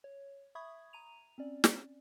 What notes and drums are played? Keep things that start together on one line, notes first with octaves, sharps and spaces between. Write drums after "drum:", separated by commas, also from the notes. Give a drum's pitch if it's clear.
C#5
E5 B5 C#6 D#6 G#6
A#5 D#7 F7
C4 C#4 D5
drum: snare